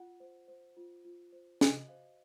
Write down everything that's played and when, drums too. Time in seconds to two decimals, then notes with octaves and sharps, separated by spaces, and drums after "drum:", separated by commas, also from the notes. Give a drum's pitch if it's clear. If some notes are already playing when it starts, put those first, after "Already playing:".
Already playing: F4 F#5
0.20 C5
0.48 C5
0.77 F4
1.05 F4
1.32 C5
1.61 F#4 D#5, drum: snare
1.88 C5 F5